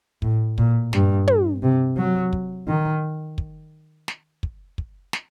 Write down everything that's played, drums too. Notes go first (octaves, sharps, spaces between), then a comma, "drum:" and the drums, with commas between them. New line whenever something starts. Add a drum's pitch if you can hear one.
A2, drum: kick
A#2, drum: kick
G2, drum: snare
drum: tom
C3
F#3
drum: kick
D#3
drum: kick
drum: snare
drum: kick
drum: kick
drum: snare